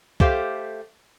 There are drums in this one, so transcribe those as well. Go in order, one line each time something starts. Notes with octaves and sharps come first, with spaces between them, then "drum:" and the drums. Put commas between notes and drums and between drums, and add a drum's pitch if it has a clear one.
A3 G4 C5 F5, drum: kick C2